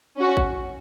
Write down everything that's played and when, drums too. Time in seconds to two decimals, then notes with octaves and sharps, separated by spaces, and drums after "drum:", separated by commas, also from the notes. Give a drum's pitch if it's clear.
0.18 C#4 F#4
0.37 drum: kick A1